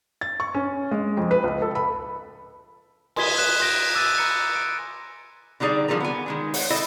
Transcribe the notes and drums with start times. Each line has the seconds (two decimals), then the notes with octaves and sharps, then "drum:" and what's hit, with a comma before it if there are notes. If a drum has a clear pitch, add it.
0.21 A6
0.40 C#6
0.55 C#4
0.91 G#3
1.17 F2
1.31 B4
1.44 C#2
1.62 A4
1.75 B5
3.16 G#5 C6 D#6 G#6 B6 G7, drum: cymbal
3.38 F#6 E7 G7
3.60 C6 G6 A#6 D7
3.94 D6 E6 F#6 A6 D#7
4.18 A#5 B5 C#7
4.56 D7
5.60 D3 G3 D#4 G#4 D5 A#5
5.88 D3 F3 C#4 G#4 A#4
6.00 B3 G#5
6.26 D#3 G#3 G#4
6.54 C#5 F#5, drum: open hi-hat
6.70 E4 A4 D#5